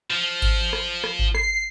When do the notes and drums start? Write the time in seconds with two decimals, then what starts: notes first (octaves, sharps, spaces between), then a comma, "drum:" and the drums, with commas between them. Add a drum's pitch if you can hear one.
0.11 F3
0.42 drum: kick G#1, cymbal
0.73 drum: rim click
1.04 drum: rim click
1.19 drum: kick G#1
1.34 C7, drum: rim click